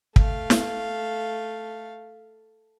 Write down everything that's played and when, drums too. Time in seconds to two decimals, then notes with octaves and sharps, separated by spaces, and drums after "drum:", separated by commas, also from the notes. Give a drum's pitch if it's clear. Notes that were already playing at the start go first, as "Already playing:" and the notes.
0.16 A3 F5, drum: kick
0.50 drum: snare